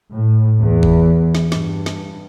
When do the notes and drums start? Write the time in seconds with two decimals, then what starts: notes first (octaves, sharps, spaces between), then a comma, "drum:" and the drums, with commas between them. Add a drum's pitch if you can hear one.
0.13 A2
0.61 E2
0.83 drum: kick F#1
1.35 drum: snare
1.52 G2, drum: snare
1.86 drum: snare